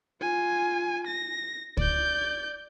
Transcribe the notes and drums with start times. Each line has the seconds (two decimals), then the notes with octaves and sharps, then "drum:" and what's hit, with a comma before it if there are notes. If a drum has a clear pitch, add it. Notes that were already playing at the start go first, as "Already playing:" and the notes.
0.21 F4 G#5
1.07 A#6
1.77 D5 G6, drum: kick